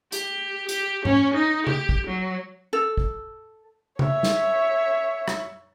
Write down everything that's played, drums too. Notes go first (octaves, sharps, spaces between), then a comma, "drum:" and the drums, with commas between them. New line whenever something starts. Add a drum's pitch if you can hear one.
G4, drum: hi-hat
G4, drum: hi-hat
C#4, drum: tom G#2
D#4
G4, drum: tom C#3
drum: kick
F#3
A4
drum: kick
C#5 E5, drum: tom C#3
drum: snare
drum: rim click